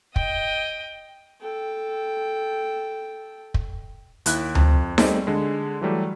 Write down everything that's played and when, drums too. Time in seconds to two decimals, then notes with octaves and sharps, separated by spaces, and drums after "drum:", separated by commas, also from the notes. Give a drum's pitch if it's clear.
0.16 D#5 G5, drum: kick
1.40 A4 G5
3.54 drum: kick
4.26 D#2 E4 F#6, drum: hi-hat
4.55 F2, drum: tom D2
4.98 G3 A3 C4 G#4 D#5, drum: snare D#4
5.27 D3 G#3
5.81 E3 F#3 G3 A3